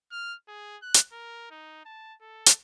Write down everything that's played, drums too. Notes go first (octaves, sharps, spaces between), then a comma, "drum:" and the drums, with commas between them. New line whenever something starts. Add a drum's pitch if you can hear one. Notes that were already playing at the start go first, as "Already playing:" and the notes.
F6
G#4
F#6
drum: hi-hat
A#4
D#4
A5
A4
drum: hi-hat